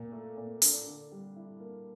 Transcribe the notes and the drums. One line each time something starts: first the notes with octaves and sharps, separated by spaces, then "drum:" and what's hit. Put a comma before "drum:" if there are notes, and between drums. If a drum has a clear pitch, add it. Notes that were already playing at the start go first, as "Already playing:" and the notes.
Already playing: A#2
A3
A#2
D4, drum: open hi-hat
D3
G3
E4
A#3